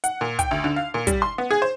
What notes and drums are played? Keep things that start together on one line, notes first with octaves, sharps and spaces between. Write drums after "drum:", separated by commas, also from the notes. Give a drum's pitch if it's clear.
F#5, drum: hi-hat
A#2
G5, drum: kick, hi-hat
D2
D3
F5
A#2
G3, drum: kick, hi-hat
C6
B3
G#4
C5